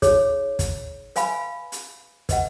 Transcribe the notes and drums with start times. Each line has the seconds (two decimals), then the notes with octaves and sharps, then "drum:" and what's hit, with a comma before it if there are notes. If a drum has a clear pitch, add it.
0.02 D#4 G#4 C#5, drum: kick, hi-hat
0.59 drum: kick, hi-hat
1.16 B4 F5 G#5 B5, drum: hi-hat
1.72 drum: hi-hat
2.29 B4 D#5 F#5, drum: kick, hi-hat